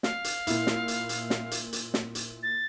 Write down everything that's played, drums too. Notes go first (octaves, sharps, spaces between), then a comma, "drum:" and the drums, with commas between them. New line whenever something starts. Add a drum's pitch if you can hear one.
F5, drum: snare
drum: hi-hat
A#2 E4, drum: hi-hat
drum: snare
drum: hi-hat
drum: hi-hat
drum: snare
drum: hi-hat
drum: hi-hat
drum: snare
drum: hi-hat
A6